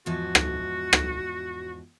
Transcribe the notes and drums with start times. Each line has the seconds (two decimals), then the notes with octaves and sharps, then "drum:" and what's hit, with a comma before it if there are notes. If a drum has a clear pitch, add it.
0.06 E2 G#2 F3 F#4
0.35 drum: rim click
0.93 drum: rim click